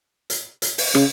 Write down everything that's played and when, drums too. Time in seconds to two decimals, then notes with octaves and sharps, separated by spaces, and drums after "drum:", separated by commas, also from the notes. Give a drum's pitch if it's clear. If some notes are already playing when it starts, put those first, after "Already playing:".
0.30 drum: hi-hat
0.62 drum: hi-hat
0.78 drum: open hi-hat
0.95 C#3, drum: rim click